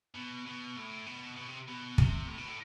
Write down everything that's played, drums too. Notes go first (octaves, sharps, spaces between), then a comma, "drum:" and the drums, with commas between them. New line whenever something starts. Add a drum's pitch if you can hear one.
B2
B2
A2
B2
B2
C3
B2
C3, drum: kick
A2
B2
A2